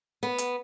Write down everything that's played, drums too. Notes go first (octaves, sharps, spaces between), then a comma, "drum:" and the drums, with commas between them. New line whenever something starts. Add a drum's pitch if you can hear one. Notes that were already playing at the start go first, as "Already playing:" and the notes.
B3
drum: hi-hat